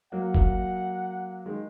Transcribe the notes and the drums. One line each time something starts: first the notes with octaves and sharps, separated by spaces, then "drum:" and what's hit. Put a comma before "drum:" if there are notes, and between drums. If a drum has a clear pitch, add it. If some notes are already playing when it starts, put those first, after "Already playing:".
F#3 A#3 F#5
drum: kick
D#3 G#3